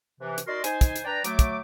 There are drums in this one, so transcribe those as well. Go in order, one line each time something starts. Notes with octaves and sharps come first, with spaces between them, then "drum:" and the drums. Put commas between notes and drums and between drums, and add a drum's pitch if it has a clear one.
C3 E3
drum: hi-hat
D#4 F#4 A#4 D5 D#5 C6
D#4 C5 G#5, drum: hi-hat
drum: kick, hi-hat
drum: hi-hat
D4 B4 D5 G5 A#5
F#3 A3 D6, drum: hi-hat
drum: kick, hi-hat